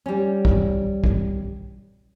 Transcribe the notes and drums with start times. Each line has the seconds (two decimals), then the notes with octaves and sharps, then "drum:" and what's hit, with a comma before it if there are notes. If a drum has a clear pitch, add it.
0.06 G3 C#4
0.45 drum: kick
1.04 drum: kick